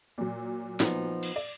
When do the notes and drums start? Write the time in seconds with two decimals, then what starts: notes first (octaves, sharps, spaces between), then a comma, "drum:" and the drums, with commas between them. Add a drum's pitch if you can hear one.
0.18 A#2 F#3
0.80 F3 B3 D#4, drum: snare
1.23 drum: cymbal
1.36 D5